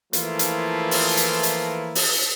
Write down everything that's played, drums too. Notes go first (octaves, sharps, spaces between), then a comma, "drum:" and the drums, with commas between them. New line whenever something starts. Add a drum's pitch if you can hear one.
E3 F3 A3 A#3 E4 F4, drum: hi-hat
drum: hi-hat
drum: open hi-hat
drum: hi-hat
drum: hi-hat
drum: open hi-hat